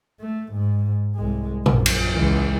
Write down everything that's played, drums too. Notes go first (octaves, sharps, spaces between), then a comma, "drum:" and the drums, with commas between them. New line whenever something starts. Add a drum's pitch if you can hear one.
A3
G#2
C2 G#3
A#1 F#2, drum: tom A#2
drum: cymbal
C#2 E3